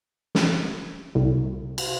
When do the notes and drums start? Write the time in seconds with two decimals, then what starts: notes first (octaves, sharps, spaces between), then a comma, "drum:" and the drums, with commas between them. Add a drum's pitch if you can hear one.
0.35 drum: snare
1.15 C2
1.78 drum: cymbal